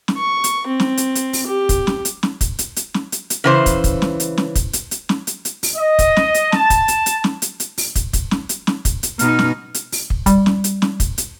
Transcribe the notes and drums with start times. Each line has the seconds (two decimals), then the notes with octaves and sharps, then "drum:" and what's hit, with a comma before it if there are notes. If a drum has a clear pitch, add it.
0.08 drum: snare
0.17 C#6
0.44 drum: hi-hat
0.67 C4
0.80 drum: snare
0.97 drum: hi-hat
1.15 drum: hi-hat
1.33 drum: open hi-hat
1.47 G4
1.69 drum: kick, hi-hat
1.87 drum: snare
2.05 drum: hi-hat
2.23 drum: snare
2.41 drum: kick, hi-hat
2.59 drum: hi-hat
2.76 drum: hi-hat
2.94 drum: snare
3.12 drum: hi-hat
3.30 drum: hi-hat
3.44 C#3 E3 C5
3.66 drum: kick, hi-hat
3.84 drum: kick, hi-hat
4.02 drum: snare
4.20 drum: hi-hat
4.38 drum: snare
4.55 drum: kick, hi-hat
4.73 drum: hi-hat
4.91 drum: hi-hat
5.09 drum: snare
5.27 drum: hi-hat
5.45 drum: hi-hat
5.63 drum: open hi-hat
5.76 D#5
5.99 drum: kick, hi-hat
6.17 drum: snare
6.34 drum: hi-hat
6.52 A5, drum: snare
6.70 drum: kick, hi-hat
6.88 drum: hi-hat
7.06 drum: hi-hat
7.24 drum: snare
7.42 drum: hi-hat
7.60 drum: hi-hat
7.78 drum: open hi-hat
7.96 drum: kick, hi-hat
8.13 drum: kick, hi-hat
8.31 drum: snare
8.49 drum: hi-hat
8.67 drum: snare
8.85 drum: kick, hi-hat
9.03 drum: hi-hat
9.19 B2 D#4 F6, drum: hi-hat
9.39 drum: snare
9.74 drum: hi-hat
9.92 drum: open hi-hat
10.10 drum: kick
10.26 G3, drum: kick, hi-hat
10.46 drum: snare
10.64 drum: hi-hat
10.82 drum: snare
11.00 drum: kick, hi-hat
11.18 drum: hi-hat